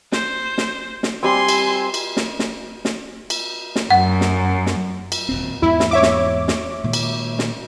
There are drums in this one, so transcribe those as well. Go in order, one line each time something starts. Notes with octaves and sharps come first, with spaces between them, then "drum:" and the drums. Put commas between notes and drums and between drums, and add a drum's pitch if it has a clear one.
C5, drum: snare
drum: snare
drum: snare
G3 C4 G#5 C6
drum: cymbal
drum: cymbal
drum: snare
drum: snare
drum: snare
drum: cymbal
drum: snare
F#2 F#5
drum: snare
drum: snare
drum: cymbal
D#1 G#1 C4
E2 G#2 B3 E4
drum: snare
C#5 E5 D6
drum: snare
drum: snare
A#2 D#3 G#3
drum: cymbal
drum: snare